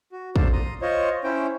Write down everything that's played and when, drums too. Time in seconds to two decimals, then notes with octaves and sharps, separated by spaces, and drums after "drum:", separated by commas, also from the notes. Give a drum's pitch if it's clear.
0.12 F#4
0.36 D4 A4 C5 D5 F5 A5, drum: kick
0.53 A#5 C6 D#6
0.82 F4 C5 C#5 D#5
1.24 C#4 E4 C5 G5